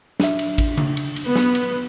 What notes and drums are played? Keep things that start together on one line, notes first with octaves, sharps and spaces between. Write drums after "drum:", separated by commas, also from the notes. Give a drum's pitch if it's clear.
D4 E5, drum: snare
drum: cymbal
drum: kick, cymbal
drum: tom C#3
drum: cymbal
drum: cymbal
B3
drum: snare
drum: cymbal